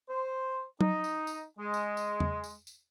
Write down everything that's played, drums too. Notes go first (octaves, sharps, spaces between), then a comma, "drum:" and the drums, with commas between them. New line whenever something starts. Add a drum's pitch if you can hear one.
C5
D#4, drum: tom F#3
drum: tambourine
drum: tambourine
G#3
drum: tambourine
drum: tambourine
drum: tom E2
drum: tambourine
drum: tambourine